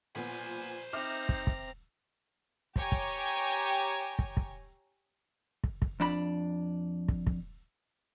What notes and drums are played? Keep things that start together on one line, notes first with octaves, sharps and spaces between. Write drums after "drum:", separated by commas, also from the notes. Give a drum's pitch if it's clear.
A#2 F3 B3 C5 G#5 B5
C4 D#4 E5 A#5 D6 F6
drum: kick
drum: kick
G4 C#5 G5 G#5 A#5, drum: kick
drum: kick
drum: kick
drum: kick
drum: kick
drum: kick
F2 D4 B5
drum: kick
drum: kick